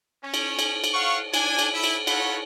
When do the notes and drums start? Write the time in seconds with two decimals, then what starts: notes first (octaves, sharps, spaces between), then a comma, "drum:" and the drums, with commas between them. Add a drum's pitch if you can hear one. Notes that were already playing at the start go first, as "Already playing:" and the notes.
0.24 C#4
0.34 drum: cymbal
0.59 drum: cymbal
0.84 drum: cymbal
0.94 F5 F#5 C#6
1.34 D4 G#5, drum: cymbal
1.59 drum: cymbal
1.74 E4
1.84 drum: cymbal
2.07 F4 F#4 A4 C#5 F#5 B5, drum: cymbal